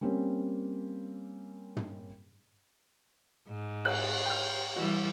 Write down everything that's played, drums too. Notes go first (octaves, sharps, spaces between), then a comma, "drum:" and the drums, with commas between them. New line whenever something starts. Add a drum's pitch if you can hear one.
G3 A#3 C4 C#4
drum: tom
G#2
F#6, drum: cymbal
G5 F6
E3 G3 F#4